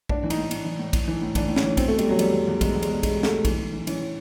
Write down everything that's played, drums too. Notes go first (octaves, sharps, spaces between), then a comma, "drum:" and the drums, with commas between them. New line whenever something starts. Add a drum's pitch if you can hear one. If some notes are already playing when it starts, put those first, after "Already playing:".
A2 D4, drum: kick
E3
D#4, drum: cymbal
A2
A2, drum: cymbal
E3
A2
A2, drum: kick, cymbal
E3
A2
E3 D4, drum: kick, cymbal
A2
C#4, drum: snare
E3
B2 C4, drum: kick, cymbal
A3
B2
G3, drum: cymbal
B2 F#3
E2 G3, drum: cymbal
E2
E2
E2 G#3, drum: kick, cymbal
E2
G#3, drum: cymbal
B2
B2 G#3, drum: kick, cymbal
B2
A3, drum: snare
B2
E3, drum: kick, cymbal
E3
E3
E3 C#4, drum: cymbal
A2